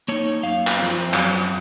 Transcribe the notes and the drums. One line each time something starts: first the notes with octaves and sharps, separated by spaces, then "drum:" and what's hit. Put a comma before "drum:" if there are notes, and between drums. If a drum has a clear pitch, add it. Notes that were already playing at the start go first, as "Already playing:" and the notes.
A#3 D#4 C#5
F#2 F5
drum: clap
F3 C4
F#2, drum: clap